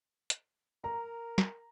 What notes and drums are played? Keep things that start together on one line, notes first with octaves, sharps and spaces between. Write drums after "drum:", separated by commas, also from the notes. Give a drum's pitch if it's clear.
drum: hi-hat
A#4 A#5
drum: snare